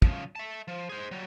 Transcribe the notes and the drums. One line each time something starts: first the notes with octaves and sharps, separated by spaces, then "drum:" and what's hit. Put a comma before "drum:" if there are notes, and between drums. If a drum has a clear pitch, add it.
C#3 F3, drum: kick
E5 A5
F3
G#4 C5
F#3 G3